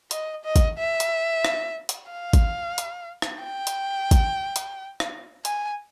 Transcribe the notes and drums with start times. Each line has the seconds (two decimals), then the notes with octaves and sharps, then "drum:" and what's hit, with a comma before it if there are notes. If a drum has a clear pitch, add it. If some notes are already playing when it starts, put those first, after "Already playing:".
0.11 D#5, drum: hi-hat
0.44 D#5
0.56 drum: kick G#1, hi-hat
0.77 E5
1.00 drum: hi-hat
1.45 drum: rim click
1.89 drum: hi-hat
2.11 F5
2.33 drum: kick G#1, hi-hat
2.78 drum: hi-hat
3.22 drum: rim click
3.44 G5
3.67 drum: hi-hat
4.11 drum: kick G#1, hi-hat
4.56 drum: hi-hat
5.00 drum: rim click
5.45 G#5, drum: hi-hat